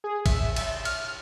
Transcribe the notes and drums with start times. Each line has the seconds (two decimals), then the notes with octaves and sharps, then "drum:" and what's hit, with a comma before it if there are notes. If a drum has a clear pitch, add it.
0.04 G#4
0.26 E5, drum: kick A1, cymbal
0.56 drum: cymbal
0.85 F6, drum: cymbal